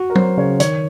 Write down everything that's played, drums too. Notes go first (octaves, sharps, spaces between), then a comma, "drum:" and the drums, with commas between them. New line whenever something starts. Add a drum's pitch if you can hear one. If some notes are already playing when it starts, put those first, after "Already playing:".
Already playing: F#4
A#4
F#3 C5, drum: tom
C#3 C#5
D#3 C#5, drum: hi-hat